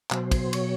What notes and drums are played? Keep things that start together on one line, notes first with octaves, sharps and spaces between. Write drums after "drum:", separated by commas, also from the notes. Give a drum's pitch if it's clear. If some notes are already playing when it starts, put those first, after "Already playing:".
B2 F#3 C5, drum: clap
drum: kick, cymbal
C#5, drum: cymbal